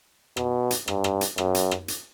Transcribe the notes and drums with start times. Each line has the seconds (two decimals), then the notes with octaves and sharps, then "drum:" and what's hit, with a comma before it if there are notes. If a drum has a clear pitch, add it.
0.37 B2, drum: rim click
0.71 drum: hi-hat
0.88 G2, drum: rim click
1.04 drum: rim click
1.21 drum: hi-hat
1.38 F#2, drum: rim click
1.55 drum: hi-hat
1.71 drum: rim click
1.88 drum: hi-hat